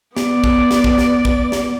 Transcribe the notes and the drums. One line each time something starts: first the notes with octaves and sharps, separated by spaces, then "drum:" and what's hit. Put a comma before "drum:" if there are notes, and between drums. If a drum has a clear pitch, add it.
B3 D5, drum: snare
drum: kick
drum: snare
drum: kick
drum: snare
drum: kick
drum: snare